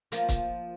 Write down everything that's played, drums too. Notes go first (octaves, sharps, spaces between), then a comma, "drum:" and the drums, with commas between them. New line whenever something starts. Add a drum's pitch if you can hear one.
F3 A#3, drum: hi-hat
drum: kick C#1, hi-hat